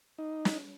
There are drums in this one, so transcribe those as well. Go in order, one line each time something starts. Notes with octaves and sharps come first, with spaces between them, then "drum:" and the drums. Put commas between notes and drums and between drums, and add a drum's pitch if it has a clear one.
D#4
drum: snare